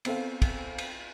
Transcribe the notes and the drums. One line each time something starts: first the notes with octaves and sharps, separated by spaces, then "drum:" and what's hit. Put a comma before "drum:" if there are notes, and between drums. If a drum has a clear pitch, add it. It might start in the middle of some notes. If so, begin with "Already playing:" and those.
B3 C4 A4 F5, drum: cymbal
drum: kick, cymbal
drum: cymbal